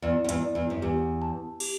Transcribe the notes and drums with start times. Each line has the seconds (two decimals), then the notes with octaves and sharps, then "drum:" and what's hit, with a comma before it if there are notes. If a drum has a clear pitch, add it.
0.02 E2 D5
0.24 F#2
0.29 E2, drum: hi-hat
0.42 D5
0.55 E2
0.70 F#2
0.82 E2 G4
1.22 A5
1.60 G4, drum: cymbal